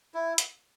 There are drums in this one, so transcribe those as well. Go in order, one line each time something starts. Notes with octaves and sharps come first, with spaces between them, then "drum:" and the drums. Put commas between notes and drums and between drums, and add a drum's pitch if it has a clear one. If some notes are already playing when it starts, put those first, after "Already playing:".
E4
drum: hi-hat